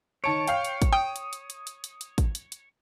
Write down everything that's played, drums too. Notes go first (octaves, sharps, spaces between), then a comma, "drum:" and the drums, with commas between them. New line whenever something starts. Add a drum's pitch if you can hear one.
D#3 C#5 A5 D7
F5 G5, drum: hi-hat
drum: hi-hat
drum: kick, hi-hat
G5 D#6
drum: hi-hat
drum: hi-hat
drum: hi-hat
drum: hi-hat
drum: hi-hat
drum: hi-hat
drum: kick, hi-hat
drum: hi-hat
drum: hi-hat